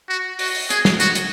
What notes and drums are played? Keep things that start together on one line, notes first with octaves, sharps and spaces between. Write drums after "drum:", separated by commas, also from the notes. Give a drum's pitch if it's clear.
F#4
F#4, drum: open hi-hat
drum: open hi-hat
G#4, drum: hi-hat
drum: snare
F#4, drum: hi-hat
drum: hi-hat